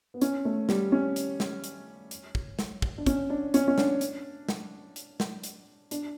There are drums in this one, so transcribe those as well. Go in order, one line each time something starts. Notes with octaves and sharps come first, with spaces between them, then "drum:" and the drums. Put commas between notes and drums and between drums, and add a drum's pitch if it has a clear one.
B3
C#4, drum: hi-hat
A3
G3, drum: snare
C#4
drum: hi-hat
drum: snare
drum: hi-hat
drum: hi-hat
drum: kick
drum: snare
drum: kick
D4
C#4, drum: kick, hi-hat
D4
C#4, drum: hi-hat
C#4
D4, drum: snare
drum: hi-hat
drum: snare
drum: hi-hat
drum: snare
drum: hi-hat
D4, drum: hi-hat